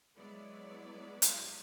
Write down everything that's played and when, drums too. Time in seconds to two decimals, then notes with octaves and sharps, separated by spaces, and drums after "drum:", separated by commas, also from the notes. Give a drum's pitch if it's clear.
0.16 F#3 G#3 B3 E4 B4 D5
1.22 drum: hi-hat